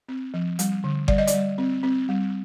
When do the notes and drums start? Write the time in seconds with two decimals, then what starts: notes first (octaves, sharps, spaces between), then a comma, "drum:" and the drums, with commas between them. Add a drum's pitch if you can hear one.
0.08 C4
0.34 F3
0.59 G3, drum: hi-hat
0.84 D3
1.08 G3 D5, drum: kick G1
1.18 D#5
1.27 D5, drum: hi-hat
1.34 G3
1.58 C4
1.83 C4
2.09 G3